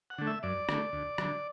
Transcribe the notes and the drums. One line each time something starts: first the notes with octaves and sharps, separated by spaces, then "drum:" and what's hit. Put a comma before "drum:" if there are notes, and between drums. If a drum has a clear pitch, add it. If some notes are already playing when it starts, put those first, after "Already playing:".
F#5
D3 A3
E5
F#2 D5
D3 A3, drum: rim click
D2
D3 F#3, drum: rim click